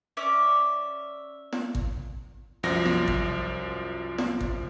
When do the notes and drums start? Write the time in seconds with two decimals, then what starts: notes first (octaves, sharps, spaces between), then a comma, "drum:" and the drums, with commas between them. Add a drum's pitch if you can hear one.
0.17 C#4 D5 E5
1.52 drum: snare
1.75 drum: kick G#1
2.63 C2 F#2 F3 A#6
2.85 drum: snare
3.08 drum: kick G#1
4.18 drum: snare
4.41 drum: kick G#1